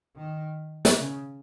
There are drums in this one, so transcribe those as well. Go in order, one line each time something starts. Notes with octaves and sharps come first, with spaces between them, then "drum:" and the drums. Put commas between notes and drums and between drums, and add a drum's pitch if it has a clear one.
D#3
drum: snare
C#3